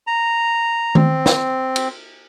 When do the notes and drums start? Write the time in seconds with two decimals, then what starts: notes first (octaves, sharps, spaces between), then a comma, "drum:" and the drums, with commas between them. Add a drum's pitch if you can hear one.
0.07 A#5
0.95 C4, drum: tom D#3
1.26 drum: snare
1.76 drum: cymbal